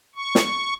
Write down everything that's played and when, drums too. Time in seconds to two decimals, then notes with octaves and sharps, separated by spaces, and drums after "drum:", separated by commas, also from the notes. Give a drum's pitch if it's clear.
0.15 C#6
0.35 drum: snare